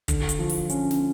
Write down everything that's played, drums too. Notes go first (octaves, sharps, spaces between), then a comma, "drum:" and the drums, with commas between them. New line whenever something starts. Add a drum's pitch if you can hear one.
D3, drum: kick, hi-hat
drum: hi-hat
F3
drum: open hi-hat
C#4, drum: hi-hat
drum: snare